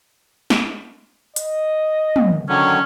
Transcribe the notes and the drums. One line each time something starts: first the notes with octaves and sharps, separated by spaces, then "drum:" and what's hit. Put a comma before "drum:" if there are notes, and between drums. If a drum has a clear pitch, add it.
drum: snare
D#5, drum: hi-hat
drum: tom
D3 D#3 F#3 C#4